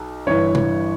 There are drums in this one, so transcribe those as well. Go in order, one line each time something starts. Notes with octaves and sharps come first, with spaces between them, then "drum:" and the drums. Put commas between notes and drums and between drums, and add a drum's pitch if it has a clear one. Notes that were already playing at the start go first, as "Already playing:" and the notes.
Already playing: B1
G1 G2 E3 C#5
drum: tom